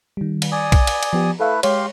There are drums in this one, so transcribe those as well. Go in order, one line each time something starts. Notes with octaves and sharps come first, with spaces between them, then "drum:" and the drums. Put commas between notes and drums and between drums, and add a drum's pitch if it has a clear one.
D#3 G3
drum: cymbal
D5 G#5 D#6
drum: kick, cymbal
drum: cymbal
drum: cymbal
F3 B3 G4
A3 E4 A4 B4 F5
G#3 G4 C#5 F5 C6, drum: cymbal